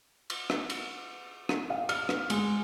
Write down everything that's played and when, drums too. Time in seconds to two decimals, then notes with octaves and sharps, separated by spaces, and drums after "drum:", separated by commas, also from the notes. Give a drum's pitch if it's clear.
0.30 drum: cymbal
0.50 drum: rim click
0.70 drum: cymbal
1.49 drum: rim click
1.70 F5
1.89 F6, drum: cymbal
2.09 drum: rim click
2.30 G#3, drum: cymbal